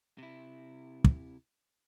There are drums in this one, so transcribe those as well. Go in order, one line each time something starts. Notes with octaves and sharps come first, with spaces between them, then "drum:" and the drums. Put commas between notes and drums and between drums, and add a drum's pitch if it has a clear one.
C3 E4
drum: kick